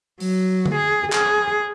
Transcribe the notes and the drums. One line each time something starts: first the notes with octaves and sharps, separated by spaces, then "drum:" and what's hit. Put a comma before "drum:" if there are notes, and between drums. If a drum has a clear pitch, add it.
F#3, drum: open hi-hat
drum: tom D3
G#4
G#4, drum: clap